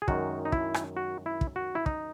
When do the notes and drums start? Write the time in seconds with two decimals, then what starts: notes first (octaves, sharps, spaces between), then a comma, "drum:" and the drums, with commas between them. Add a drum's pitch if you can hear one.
0.02 G#4
0.08 F#2 D#3 G#3 F#4, drum: kick
0.45 D#4
0.52 E4, drum: kick
0.74 drum: rim click
0.97 F#4
1.26 E4
1.41 drum: kick
1.56 F#4
1.75 E4
1.86 D#4, drum: kick